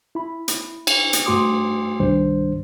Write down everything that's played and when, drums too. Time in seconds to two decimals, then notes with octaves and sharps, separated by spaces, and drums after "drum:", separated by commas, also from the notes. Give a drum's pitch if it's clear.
0.15 E4 B5
0.48 drum: hi-hat
0.87 drum: cymbal
1.13 drum: hi-hat
1.26 G2 A3 F#4 C6 D6 D#6
2.00 C2 G2 D#3 G3 D4 C5